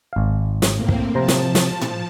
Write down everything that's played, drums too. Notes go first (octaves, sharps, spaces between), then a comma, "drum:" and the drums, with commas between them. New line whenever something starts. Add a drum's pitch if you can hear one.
G#1 F5
drum: snare
A2 A#3 C4
drum: kick
C3 F3 C5 A5 A#5
drum: snare
drum: snare
drum: tom A2